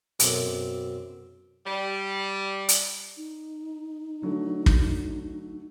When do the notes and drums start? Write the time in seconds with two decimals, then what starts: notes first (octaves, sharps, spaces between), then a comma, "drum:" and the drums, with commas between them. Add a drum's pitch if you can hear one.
0.20 B1 F#2 C4 D6, drum: hi-hat
1.65 G3
2.69 drum: hi-hat
3.17 D#4
4.22 D3 F#3 A3
4.66 drum: kick